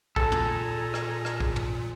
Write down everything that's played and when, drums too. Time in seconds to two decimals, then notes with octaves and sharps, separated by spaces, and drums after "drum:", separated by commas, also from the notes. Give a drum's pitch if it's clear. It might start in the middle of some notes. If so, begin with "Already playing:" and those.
0.16 A#2 G#4 A4 G#5 A#5, drum: kick
0.32 drum: tom
0.94 drum: rim click
1.25 drum: rim click
1.40 drum: kick
1.56 drum: tom